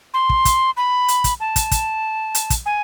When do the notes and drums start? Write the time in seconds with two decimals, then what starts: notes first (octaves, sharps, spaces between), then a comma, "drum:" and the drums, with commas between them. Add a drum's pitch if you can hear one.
0.14 C6
0.30 drum: kick
0.45 drum: kick, hi-hat
0.77 B5
1.08 drum: hi-hat
1.24 drum: kick, hi-hat
1.40 A5
1.56 drum: kick, hi-hat
1.71 drum: kick, hi-hat
2.35 drum: hi-hat
2.50 drum: kick, hi-hat
2.66 G#5